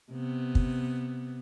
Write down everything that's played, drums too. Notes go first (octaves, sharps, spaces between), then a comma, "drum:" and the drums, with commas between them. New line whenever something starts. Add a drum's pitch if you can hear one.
C3 B3
drum: kick